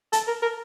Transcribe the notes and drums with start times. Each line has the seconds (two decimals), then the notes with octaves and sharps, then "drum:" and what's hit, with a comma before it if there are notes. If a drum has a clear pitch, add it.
0.13 A4, drum: hi-hat
0.28 A#4
0.43 A#4